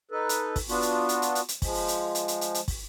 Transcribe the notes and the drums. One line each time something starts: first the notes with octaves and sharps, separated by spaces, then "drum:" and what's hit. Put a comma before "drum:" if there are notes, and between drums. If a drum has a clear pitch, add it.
D#4 A4 B4
drum: hi-hat
drum: kick, open hi-hat
B3 D4 F4 F#4, drum: open hi-hat
drum: hi-hat
drum: hi-hat
drum: hi-hat
drum: hi-hat
drum: hi-hat
F3 G#3, drum: kick, open hi-hat
drum: open hi-hat
drum: hi-hat
drum: hi-hat
drum: hi-hat
drum: hi-hat
drum: hi-hat
drum: kick, open hi-hat